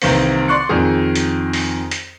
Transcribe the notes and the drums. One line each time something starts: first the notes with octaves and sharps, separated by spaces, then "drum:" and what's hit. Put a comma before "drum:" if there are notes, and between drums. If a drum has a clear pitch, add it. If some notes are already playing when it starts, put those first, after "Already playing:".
C2 D#3 E3 A#3 C4, drum: open hi-hat
D5 C6 C#6 F#6 C#7
F2 D#3 G#4
drum: hi-hat
drum: open hi-hat
drum: hi-hat